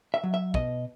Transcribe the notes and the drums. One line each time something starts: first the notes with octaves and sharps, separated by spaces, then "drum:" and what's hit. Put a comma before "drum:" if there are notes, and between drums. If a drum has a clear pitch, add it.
E5
F#3
E5
B2 D#5, drum: kick